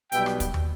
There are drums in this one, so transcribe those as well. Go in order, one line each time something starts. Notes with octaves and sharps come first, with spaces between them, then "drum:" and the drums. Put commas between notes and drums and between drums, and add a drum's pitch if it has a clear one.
B1 B2 G3 B3 E5 G5, drum: hi-hat
drum: rim click
drum: kick, hi-hat
drum: tom